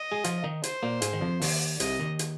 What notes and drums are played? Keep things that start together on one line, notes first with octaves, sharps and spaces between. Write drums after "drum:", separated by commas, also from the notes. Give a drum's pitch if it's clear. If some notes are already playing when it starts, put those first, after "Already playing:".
Already playing: D#5
G#3 G#4
F3 F4, drum: hi-hat
D#3 D#4
C5, drum: hi-hat
A#2 A#3
G#2 G#3, drum: hi-hat
D#3
F2 F3
D#2 D#3, drum: open hi-hat
C2 C3 D#5, drum: hi-hat
D#2 D#3
drum: hi-hat